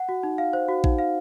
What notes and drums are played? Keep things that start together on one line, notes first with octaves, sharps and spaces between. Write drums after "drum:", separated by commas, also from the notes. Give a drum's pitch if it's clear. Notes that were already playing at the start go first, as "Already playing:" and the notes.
Already playing: F#5
F#4
D#4
F5
C5
F#4
D#4, drum: kick A#1
F5